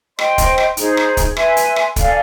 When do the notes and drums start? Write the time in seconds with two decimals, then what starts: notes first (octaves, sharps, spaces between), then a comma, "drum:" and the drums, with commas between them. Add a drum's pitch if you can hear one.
0.19 C5 D#5 G5 C6, drum: rim click
0.38 drum: kick, hi-hat
0.58 drum: rim click
0.77 D#4 G#4 C5, drum: hi-hat
0.97 drum: rim click
1.17 drum: kick, hi-hat
1.37 B4 E5 G#5 C6, drum: rim click
1.57 drum: hi-hat
1.76 drum: rim click
1.96 A4 D5 F5 G#5, drum: kick, hi-hat